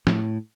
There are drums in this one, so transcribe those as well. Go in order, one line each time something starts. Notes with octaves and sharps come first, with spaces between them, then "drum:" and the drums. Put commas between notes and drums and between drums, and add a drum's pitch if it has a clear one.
A2, drum: snare